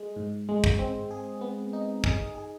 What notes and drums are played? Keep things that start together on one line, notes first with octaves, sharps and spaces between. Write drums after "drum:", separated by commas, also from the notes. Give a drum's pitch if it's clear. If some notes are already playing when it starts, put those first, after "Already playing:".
Already playing: G#3
G#2
G#3
drum: kick
C4
G#4
B3
D#4
G#4, drum: kick
G#4